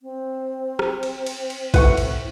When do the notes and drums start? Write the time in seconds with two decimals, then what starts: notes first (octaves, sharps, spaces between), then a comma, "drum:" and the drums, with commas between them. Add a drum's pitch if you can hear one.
0.02 C4
0.79 drum: rim click
1.03 drum: cymbal
1.26 drum: cymbal
1.50 drum: cymbal
1.74 A2 B4 F#5 C#6, drum: kick, cymbal
1.97 drum: cymbal